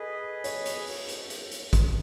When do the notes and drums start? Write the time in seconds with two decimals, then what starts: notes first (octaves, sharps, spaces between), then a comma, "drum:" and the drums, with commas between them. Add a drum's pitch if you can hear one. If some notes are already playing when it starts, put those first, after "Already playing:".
Already playing: G#4 A4 B4 D#5
0.44 C#5, drum: hi-hat
0.66 drum: hi-hat
0.87 drum: open hi-hat
1.09 drum: hi-hat
1.30 drum: hi-hat
1.51 drum: hi-hat
1.73 drum: kick, hi-hat